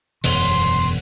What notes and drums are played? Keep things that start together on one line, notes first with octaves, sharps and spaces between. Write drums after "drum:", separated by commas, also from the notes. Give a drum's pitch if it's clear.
E1 F#2 B2 C6, drum: open hi-hat